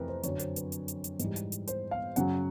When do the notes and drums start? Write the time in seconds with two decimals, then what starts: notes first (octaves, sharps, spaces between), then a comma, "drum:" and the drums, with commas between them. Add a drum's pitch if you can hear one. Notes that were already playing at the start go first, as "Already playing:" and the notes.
Already playing: F2 C3 E3 A3 A#4 B4
0.08 C5
0.23 F#2 D3 F#3 C#5, drum: hi-hat
0.39 C5, drum: hi-hat
0.56 B4, drum: hi-hat
0.72 drum: hi-hat
0.88 drum: hi-hat
1.04 drum: hi-hat
1.19 G#2 E3 G3, drum: hi-hat
1.36 drum: hi-hat
1.52 drum: hi-hat
1.67 C5, drum: hi-hat
1.91 F5
2.16 F#2 C#3 F#3 F#5, drum: hi-hat